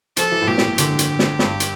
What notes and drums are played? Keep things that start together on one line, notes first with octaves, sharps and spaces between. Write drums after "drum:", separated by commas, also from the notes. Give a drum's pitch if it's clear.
F3 A4, drum: hi-hat
E3
A2
A#2 G4
drum: snare
D3 G4, drum: hi-hat
drum: hi-hat
drum: snare
G2, drum: snare
drum: hi-hat